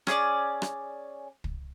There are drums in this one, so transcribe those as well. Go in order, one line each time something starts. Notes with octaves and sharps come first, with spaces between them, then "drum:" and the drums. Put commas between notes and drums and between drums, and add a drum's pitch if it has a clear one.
C#4 G#4 C#5 D5, drum: rim click
drum: rim click
drum: kick